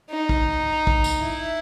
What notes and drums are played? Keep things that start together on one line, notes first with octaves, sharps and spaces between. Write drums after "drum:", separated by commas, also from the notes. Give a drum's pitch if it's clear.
D#4
drum: kick
drum: kick
drum: tambourine
E4